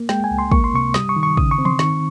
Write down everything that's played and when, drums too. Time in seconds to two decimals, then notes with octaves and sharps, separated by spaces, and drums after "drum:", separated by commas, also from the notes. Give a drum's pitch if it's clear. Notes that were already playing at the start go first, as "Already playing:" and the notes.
Already playing: A#3
0.09 G#3 G5, drum: snare
0.24 G#5
0.31 C#2
0.39 C6
0.51 A#3 C#6, drum: kick
0.64 C6
0.74 C3 C#6
0.94 G3 D#6, drum: snare
1.09 C#6
1.16 D#3
1.23 C#6
1.37 C#3 D#6, drum: kick
1.51 C#6
1.58 C4
1.65 C6, drum: tom
1.79 D#3 C#6, drum: snare